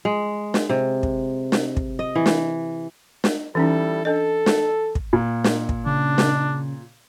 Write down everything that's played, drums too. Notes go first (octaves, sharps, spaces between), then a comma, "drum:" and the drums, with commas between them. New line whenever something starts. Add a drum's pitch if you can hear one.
G#3
drum: snare
C3
drum: kick
drum: snare
drum: kick
D#5
E3
drum: snare
drum: snare
E3 G3 C#4 D#4 E4 A4
D4 A4 D#5
drum: snare
drum: kick
A#2
drum: snare
drum: kick
C#3 D4
drum: snare